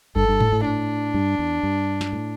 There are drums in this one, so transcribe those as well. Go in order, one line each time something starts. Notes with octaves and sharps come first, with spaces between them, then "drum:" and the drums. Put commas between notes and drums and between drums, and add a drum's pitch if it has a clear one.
G2 A4, drum: kick G1
G2
A2, drum: tom G#2
A2
D4
G2
E2
G2
drum: snare
A2